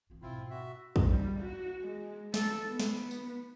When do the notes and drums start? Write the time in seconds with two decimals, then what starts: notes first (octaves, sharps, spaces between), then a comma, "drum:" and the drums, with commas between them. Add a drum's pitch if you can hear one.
0.10 E3 C4
0.22 G#2 B2 C4 E4 F4
0.50 F#4 E5
0.96 drum: kick
1.08 G3
1.41 F#4
1.82 G#3
2.34 A4, drum: snare
2.68 B3
2.80 drum: snare
3.11 drum: tambourine